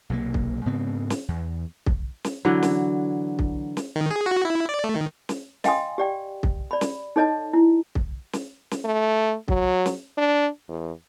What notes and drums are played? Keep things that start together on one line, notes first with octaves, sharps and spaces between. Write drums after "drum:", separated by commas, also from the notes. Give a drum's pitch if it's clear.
B1 C3 D#3 A#3
drum: kick
G#2 C#3 B3 C4
drum: snare
E2
drum: kick
drum: snare
D3 E3 F#3
drum: snare
drum: kick
drum: snare
D#3
G#4
F#4
E4
D5
A3
D#3
drum: snare
D#5 F5 G5 G#5 C6 D#6, drum: snare
G4 D5 G5
drum: kick
D5 B5
drum: snare
D#4 A4 C#5 D#5 A5
E4
drum: kick
drum: snare
drum: snare
A3
F#3, drum: kick
drum: snare
D4
E2